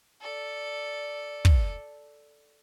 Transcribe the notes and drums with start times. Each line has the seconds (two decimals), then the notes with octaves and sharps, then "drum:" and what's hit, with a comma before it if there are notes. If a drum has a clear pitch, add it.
0.21 A4 D5
1.45 drum: kick